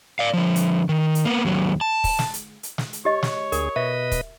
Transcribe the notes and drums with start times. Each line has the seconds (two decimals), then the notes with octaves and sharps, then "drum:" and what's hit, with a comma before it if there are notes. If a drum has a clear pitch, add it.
0.19 D5 F5
0.33 D3 F3
0.56 drum: hi-hat
0.89 D#3
1.15 drum: hi-hat
1.25 A#3 B3
1.45 D#2 F#3
1.81 A5
2.04 drum: kick, open hi-hat
2.19 drum: snare
2.34 drum: hi-hat
2.63 drum: hi-hat
2.78 drum: snare
2.93 drum: hi-hat
3.05 G4 C#5 D#5
3.23 drum: snare
3.52 D2 G#4 A#4, drum: hi-hat
3.76 B2 B4 D#5 E5
4.12 drum: kick, hi-hat